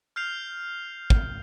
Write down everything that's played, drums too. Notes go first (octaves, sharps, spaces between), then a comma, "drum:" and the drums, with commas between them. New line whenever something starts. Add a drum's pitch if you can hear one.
F6 G6 C7 F7
drum: kick